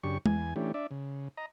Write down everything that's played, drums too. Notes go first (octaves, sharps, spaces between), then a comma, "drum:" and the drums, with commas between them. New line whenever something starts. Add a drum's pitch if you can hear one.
F#2 C#3 D4 G4 C#6
E2 G#5, drum: tom G#3
E3 A3 C#4 D4 G4
D4 D5 E5
C#3
D#5 A#5